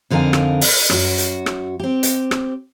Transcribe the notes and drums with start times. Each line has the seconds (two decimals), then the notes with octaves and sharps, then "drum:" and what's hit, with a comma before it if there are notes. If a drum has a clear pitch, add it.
0.10 F2 D3 D#4 A#4 F5 G#5
0.33 drum: rim click
0.61 drum: open hi-hat
0.90 F#2 F#4, drum: rim click
1.18 drum: hi-hat
1.46 drum: rim click
1.79 C4 G4
2.03 drum: hi-hat
2.31 drum: rim click